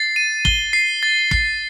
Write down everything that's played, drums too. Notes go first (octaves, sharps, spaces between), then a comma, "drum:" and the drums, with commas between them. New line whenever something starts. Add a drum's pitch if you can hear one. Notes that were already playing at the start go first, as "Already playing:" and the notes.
Already playing: A6 C7
D#7
G7, drum: kick
C7
A6
C7, drum: kick